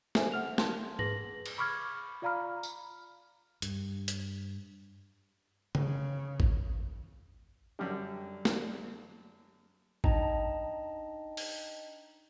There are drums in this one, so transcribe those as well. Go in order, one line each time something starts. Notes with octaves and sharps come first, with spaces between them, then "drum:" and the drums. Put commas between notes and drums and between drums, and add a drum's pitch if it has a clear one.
A4 C5 E5 G#5, drum: snare
F#5 F6 F7
A5 C6, drum: snare
G#4 B4 A#6 F#7, drum: tom G#2
drum: cymbal
B5 C#6 D6 F6 G#6
F4 D5 F5 A#5 B5 F6
drum: tambourine
G2, drum: hi-hat
drum: hi-hat
C#3, drum: tom C#3
drum: kick
F#2 D3 G3
drum: snare
D4 D#4 D#5 G5 A5 A#5, drum: kick
drum: open hi-hat